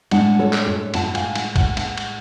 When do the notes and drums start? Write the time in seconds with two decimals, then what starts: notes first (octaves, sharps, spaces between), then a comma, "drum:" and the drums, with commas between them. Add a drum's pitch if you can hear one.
0.11 A2 G#3 D4 F#5 A5, drum: cymbal
0.39 A4 C#5
0.53 drum: clap
0.66 A4 C#5
0.94 F#5 A5, drum: cymbal
1.08 A5
1.15 F5 G#5, drum: cymbal
1.35 F#5 A5, drum: cymbal
1.56 F#5 A5, drum: kick, cymbal
1.77 F#5 A5, drum: cymbal
1.98 drum: cymbal